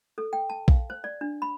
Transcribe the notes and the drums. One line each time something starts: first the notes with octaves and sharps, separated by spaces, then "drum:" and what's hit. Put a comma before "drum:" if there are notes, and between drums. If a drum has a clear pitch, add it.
A4
G5
A5
F5, drum: kick
C5
D5
D4
B5